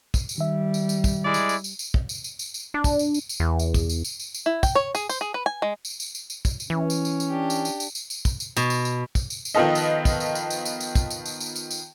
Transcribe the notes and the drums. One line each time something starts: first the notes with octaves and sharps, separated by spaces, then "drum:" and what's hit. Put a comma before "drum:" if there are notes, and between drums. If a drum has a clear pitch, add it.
drum: kick, tambourine
drum: tambourine
D#3 G3 E5
drum: tambourine
drum: tambourine
drum: kick, tambourine
G#3 E4 D5
drum: tambourine
drum: tambourine
drum: tambourine
drum: tambourine
drum: kick
drum: tambourine
drum: tambourine
drum: tambourine
drum: tambourine
D4
drum: kick, tambourine
drum: tambourine
drum: tambourine
drum: tambourine
E2
drum: tambourine
drum: kick, tambourine
drum: tambourine
drum: tambourine
drum: tambourine
drum: tambourine
E4
G5, drum: kick, tambourine
C#5
G#4, drum: tambourine
C5, drum: tambourine
G#4
B4
G#5
G#3
drum: tambourine
drum: tambourine
drum: tambourine
drum: tambourine
drum: kick, tambourine
drum: tambourine
E3 C#4
drum: tambourine
drum: tambourine
drum: tambourine
D4 G4
drum: tambourine
drum: tambourine
drum: tambourine
drum: tambourine
drum: tambourine
drum: kick, tambourine
drum: tambourine
B2, drum: tambourine
drum: tambourine
drum: tambourine
drum: kick, tambourine
drum: tambourine
drum: tambourine
D#3 F3 B3 F4 A4 D#5
drum: tambourine
drum: kick, tambourine
drum: tambourine
drum: tambourine
drum: tambourine
drum: tambourine
drum: tambourine
drum: kick, tambourine
drum: tambourine
drum: tambourine
drum: tambourine
drum: tambourine
drum: tambourine